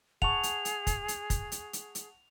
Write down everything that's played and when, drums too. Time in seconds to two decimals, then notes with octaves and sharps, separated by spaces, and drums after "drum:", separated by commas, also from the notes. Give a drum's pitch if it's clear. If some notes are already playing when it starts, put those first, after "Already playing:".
0.22 G#4 F#5 A5 C#6 F7, drum: kick
0.43 drum: hi-hat
0.65 drum: hi-hat
0.87 drum: kick, hi-hat
1.08 drum: hi-hat
1.30 drum: kick, hi-hat
1.52 drum: hi-hat
1.73 drum: hi-hat
1.95 drum: hi-hat